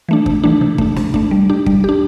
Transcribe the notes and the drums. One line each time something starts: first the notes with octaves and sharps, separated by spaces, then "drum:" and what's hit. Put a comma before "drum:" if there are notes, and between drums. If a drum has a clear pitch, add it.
E3 A3 D4
C3, drum: kick
E3 A3 D4
C3
A3 D4, drum: kick
C3, drum: snare
A3 D4, drum: kick
G3
D4 G4
G3, drum: kick
D4 G4